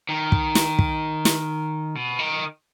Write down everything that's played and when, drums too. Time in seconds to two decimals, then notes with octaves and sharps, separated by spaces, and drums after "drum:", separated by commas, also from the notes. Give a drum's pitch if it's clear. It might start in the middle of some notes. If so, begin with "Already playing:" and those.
0.09 D#3
0.32 drum: kick
0.55 drum: snare
0.79 drum: kick
1.25 drum: snare
1.95 B2
2.19 D#3